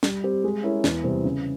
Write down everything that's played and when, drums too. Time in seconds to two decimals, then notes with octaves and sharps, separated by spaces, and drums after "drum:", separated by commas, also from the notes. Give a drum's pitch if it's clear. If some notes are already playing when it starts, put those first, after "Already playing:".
0.03 G3, drum: snare
0.24 C4 G4
0.44 G#3
0.63 C#4 E4 A#4 E5
0.84 E2, drum: snare
1.04 C3 G3 C4
1.24 C#3